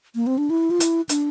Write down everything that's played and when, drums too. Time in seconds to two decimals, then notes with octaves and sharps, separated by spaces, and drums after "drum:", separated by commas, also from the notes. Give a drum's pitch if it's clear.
0.15 A#3
0.27 C4
0.38 D4
0.50 E4
0.71 F4
0.80 E4, drum: hi-hat
1.09 D4, drum: hi-hat